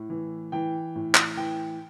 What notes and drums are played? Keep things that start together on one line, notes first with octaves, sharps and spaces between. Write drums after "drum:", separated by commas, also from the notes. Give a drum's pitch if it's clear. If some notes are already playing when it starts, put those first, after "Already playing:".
Already playing: A2
E3
E3 G5
A2
drum: clap
E3 G5